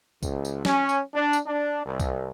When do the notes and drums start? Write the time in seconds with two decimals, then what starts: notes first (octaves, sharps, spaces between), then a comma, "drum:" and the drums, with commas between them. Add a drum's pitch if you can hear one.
0.23 C#2, drum: kick C2, tambourine
0.45 drum: tambourine
0.65 C#4, drum: snare
0.89 drum: tambourine
1.15 D4
1.33 drum: tambourine
1.46 D4
1.86 C2
2.00 drum: kick C2, tambourine